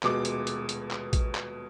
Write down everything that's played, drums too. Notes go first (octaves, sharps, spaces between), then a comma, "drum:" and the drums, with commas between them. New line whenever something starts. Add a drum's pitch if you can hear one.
D#1 B2 G#3 D6, drum: clap
drum: hi-hat
drum: hi-hat
drum: hi-hat
drum: clap
drum: kick A1, hi-hat
drum: clap